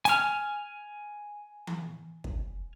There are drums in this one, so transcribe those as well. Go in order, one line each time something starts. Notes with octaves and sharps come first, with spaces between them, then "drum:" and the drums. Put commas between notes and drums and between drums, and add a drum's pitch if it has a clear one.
G#5 F6, drum: hi-hat
drum: tom E3
drum: kick